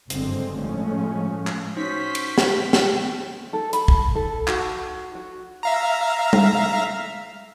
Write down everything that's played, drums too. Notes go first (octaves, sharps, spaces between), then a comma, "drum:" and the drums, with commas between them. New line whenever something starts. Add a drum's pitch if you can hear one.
F#1 G2 D3 G#3 C4, drum: hi-hat
A2 F3 G#3 A3 C#4
drum: clap
C#4 D#4 F#4 C5 C#5 B6
drum: cymbal
drum: snare
G4, drum: snare
A4
B5, drum: hi-hat
drum: kick
A4
F#4, drum: clap
F#4
E5 F5 A#5
drum: tom G3